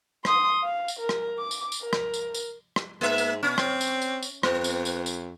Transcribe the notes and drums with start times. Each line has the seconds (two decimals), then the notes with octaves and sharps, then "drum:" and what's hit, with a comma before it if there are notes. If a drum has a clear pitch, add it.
0.25 C6 D#6, drum: rim click
0.63 F5
0.88 drum: tambourine
1.00 A#4
1.09 drum: rim click
1.38 D6
1.51 drum: tambourine
1.72 drum: tambourine
1.83 A#4
1.93 drum: rim click
2.14 drum: tambourine
2.34 drum: tambourine
2.76 drum: rim click
3.01 G#2 A#3 E5
3.18 drum: tambourine
3.43 B2 C#4
3.58 C4, drum: rim click
3.81 drum: tambourine
4.02 drum: tambourine
4.22 drum: tambourine
4.43 F2 B3, drum: rim click
4.64 drum: tambourine
4.85 drum: tambourine
5.06 drum: tambourine